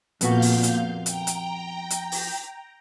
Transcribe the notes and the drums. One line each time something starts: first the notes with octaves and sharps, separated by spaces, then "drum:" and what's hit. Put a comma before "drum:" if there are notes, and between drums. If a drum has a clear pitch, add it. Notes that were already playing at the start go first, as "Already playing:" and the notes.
F2 A#2 B3 F#4 F5 G6, drum: hi-hat
drum: open hi-hat
drum: hi-hat
G5 A#5, drum: hi-hat
drum: hi-hat
drum: hi-hat
drum: open hi-hat